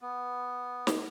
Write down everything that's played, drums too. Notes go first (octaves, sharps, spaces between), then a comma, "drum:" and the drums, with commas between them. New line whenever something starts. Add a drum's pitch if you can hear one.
B3
drum: snare